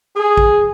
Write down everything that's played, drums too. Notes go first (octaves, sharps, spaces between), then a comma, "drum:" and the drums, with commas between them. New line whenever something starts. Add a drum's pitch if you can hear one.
G#4
drum: kick A1